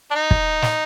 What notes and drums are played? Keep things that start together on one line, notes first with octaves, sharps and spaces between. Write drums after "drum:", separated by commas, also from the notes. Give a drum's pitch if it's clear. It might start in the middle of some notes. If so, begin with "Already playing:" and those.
D4
D#4
drum: kick
drum: snare